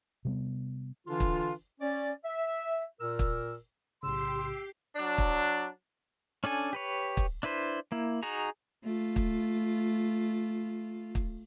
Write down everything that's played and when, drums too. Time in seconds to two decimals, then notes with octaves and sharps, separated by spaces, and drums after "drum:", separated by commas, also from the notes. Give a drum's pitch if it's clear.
0.25 C3 G3 B3
1.07 D3 E3 D4 F4
1.20 drum: kick
1.81 C#4 D5
2.25 E5
3.01 A#2 A#4 E6
3.19 drum: kick
4.03 B1 A2 C#3 G4 C6 E6 C7
4.96 F#3 D4
5.18 drum: kick
6.44 C#4 D4 A4 G#5
6.73 G4 B4 C#5
7.17 drum: kick
7.43 D4 E4 B4 C5
7.92 A#3 E4
8.23 D#4 F#4 G#4 A#5
8.84 A3 F4
9.16 drum: kick
11.15 drum: kick